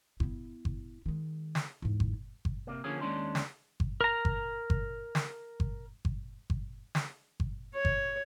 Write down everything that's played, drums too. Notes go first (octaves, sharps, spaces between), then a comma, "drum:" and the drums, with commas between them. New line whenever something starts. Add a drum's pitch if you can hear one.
B3 E4, drum: kick G1
drum: kick G1
D#3 G#3
drum: snare
E2 G#2
drum: kick G1
drum: kick G1
C3 A#3
D3 F3 A#3 C#4 G#4
D#2 G#3 C#4 D4 C6
drum: snare
drum: kick G1
A#4 A#5
drum: kick G1
drum: kick G1
drum: snare
drum: kick G1
drum: kick G1
drum: kick G1
drum: snare
drum: kick G1
C#5
drum: kick G1